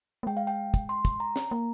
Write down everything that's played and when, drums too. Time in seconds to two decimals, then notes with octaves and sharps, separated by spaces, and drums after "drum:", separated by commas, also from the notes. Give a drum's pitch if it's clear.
0.23 A#3
0.27 G#3 G5
0.37 F5
0.47 G5
0.74 drum: kick, hi-hat
0.89 C6
1.05 drum: kick, hi-hat
1.20 A#5
1.36 drum: snare
1.51 A#3